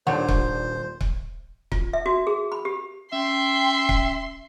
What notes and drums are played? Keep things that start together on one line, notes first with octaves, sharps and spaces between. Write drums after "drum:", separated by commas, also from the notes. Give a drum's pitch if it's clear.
D#1 D#2 A#2 D3 D4 C5 C#5 F#5
drum: kick C#1
drum: kick C#1
F4, drum: kick C#1
E5
F#4
G#4
B5
G4
C#4 E5 G5 C6
drum: kick C#1